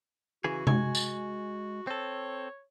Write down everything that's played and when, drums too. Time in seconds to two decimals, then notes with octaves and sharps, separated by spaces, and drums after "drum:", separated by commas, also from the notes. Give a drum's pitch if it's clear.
0.44 C#3 E3 F#4 G#4
0.67 G#3 G#5, drum: tom C3
0.95 drum: tambourine
1.87 C4 A4 C#5